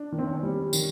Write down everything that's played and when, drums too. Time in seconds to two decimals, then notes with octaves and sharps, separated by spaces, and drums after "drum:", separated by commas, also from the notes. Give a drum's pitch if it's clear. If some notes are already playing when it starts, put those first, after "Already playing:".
Already playing: D4
0.12 D#3
0.19 C4
0.27 C#4
0.43 G3
0.73 D#3, drum: tambourine